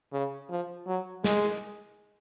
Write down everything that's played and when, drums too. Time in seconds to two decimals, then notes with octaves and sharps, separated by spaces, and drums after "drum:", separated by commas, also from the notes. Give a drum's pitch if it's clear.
0.12 C#3
0.50 F3
0.87 F#3
1.24 G#3, drum: snare